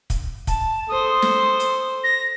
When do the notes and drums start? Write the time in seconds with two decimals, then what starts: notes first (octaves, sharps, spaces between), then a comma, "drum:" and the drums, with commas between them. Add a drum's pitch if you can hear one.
0.10 drum: kick, hi-hat
0.47 A5, drum: kick, hi-hat
0.89 A4 C5 D#6
1.22 drum: snare
1.60 drum: hi-hat
2.03 A#6